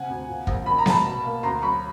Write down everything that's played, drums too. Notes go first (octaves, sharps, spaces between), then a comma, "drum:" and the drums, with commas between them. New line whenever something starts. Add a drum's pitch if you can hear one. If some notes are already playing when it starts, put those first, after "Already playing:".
Already playing: C3 F#5 G#5
D2
A#2
A#1, drum: kick
D#3 B5
A#5
G#2 A5 B5, drum: snare B3
B2
A#3
D2 A#5 C6
F#3 B5 C#6